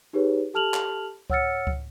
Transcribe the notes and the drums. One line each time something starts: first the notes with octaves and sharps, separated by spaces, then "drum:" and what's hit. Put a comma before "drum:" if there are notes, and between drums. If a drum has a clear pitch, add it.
D#4 G4 G#4 B4 C#5
G4 A4 A5 F6 F7 F#7
drum: clap
C#5 F#5 E6 F6 A6 C#7, drum: kick C#2
drum: kick C#2